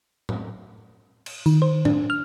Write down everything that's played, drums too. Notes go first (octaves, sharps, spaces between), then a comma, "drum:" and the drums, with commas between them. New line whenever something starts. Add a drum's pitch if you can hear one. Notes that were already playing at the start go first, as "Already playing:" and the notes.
drum: tom A2
drum: cymbal
D#3, drum: tambourine
C5
D4, drum: tom A2
F6